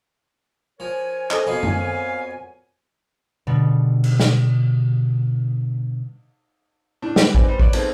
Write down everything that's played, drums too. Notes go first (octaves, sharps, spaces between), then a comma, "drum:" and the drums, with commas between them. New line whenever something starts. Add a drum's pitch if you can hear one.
F3 A#4 C#5 G#5
A4 C5 D#5, drum: clap
F2 B3 F#4 D#5 F5
drum: tom F#2
B2 D3 G3
drum: cymbal
drum: snare
A2 D4
G4 B4, drum: snare
C4 D#4 B4 D5 G#5, drum: kick A1
G3 B3 B4 C5
B4 C#5 D5, drum: kick A1
F3 G#3 A3 B3 C4 D#4, drum: cymbal